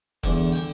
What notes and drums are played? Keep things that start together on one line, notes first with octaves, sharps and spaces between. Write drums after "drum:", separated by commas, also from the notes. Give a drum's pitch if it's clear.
E2 D3, drum: kick F1
D3 G5